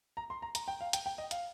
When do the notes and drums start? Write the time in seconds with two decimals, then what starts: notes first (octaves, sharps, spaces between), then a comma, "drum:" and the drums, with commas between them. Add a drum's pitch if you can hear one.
0.17 A#5
0.30 C6
0.42 A#5
0.55 A#5, drum: hi-hat
0.68 G5
0.81 F5
0.93 G5, drum: hi-hat
1.06 G5
1.18 D#5
1.31 F5, drum: hi-hat